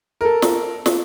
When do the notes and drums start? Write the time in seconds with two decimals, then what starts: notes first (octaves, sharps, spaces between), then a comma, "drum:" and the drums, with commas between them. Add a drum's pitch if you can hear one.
0.21 A4 A#4
0.42 drum: snare
0.86 drum: snare